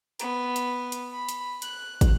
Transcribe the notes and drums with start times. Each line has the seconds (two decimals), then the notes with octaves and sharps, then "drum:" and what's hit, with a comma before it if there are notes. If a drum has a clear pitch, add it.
0.20 B3, drum: hi-hat
0.56 drum: hi-hat
0.92 drum: hi-hat
1.12 B5
1.29 drum: hi-hat
1.62 F#6, drum: hi-hat
2.01 drum: kick, hi-hat